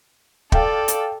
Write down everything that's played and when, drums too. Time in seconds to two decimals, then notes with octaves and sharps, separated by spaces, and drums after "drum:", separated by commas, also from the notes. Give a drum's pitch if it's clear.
0.52 A4 D5 F5 G5, drum: kick
0.88 drum: hi-hat